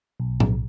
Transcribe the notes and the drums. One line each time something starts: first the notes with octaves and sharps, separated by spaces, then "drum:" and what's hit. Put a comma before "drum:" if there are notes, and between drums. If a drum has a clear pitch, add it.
B1
drum: tom A2